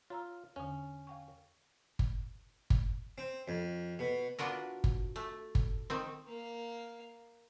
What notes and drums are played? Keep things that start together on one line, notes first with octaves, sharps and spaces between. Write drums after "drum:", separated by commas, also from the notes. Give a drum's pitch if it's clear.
F4 C#5 A#5 E6
E2 D3 C#4
F5 G5 C#6
drum: kick G1
drum: kick G1
C4
F2
B2
B3 D4 F4 F#4 A#4
drum: kick G1
A3
drum: kick G1
D#3 C4
A#3 F5